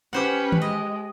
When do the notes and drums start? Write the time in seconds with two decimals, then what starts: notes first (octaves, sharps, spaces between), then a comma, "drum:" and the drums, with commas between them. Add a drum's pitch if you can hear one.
0.13 C#4 G4 B4 C5 F#5
0.52 drum: tom
0.62 G#3 D#5